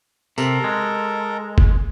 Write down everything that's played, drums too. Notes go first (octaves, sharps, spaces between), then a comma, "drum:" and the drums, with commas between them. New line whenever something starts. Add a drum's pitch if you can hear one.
C3 A4 A#4 A#5, drum: tambourine
G#3
drum: kick